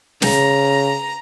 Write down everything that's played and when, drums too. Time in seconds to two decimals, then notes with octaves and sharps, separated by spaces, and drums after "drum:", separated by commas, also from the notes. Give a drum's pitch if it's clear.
0.22 C#3 A#5, drum: snare